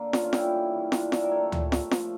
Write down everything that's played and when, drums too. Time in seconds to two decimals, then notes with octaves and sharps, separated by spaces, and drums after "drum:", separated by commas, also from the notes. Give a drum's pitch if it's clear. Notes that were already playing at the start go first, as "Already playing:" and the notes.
Already playing: D3 A#3
0.13 C#4 F4, drum: snare
0.24 F4
0.33 G3 E4 G4, drum: snare
0.43 E4
0.53 E3
0.73 E3
0.92 D4 F4, drum: snare
1.12 G3 C#5 E5, drum: snare
1.21 A#4 D5
1.31 A#2 A4 C#5
1.52 A#2, drum: tom D2
1.72 A3, drum: snare
1.91 F3, drum: snare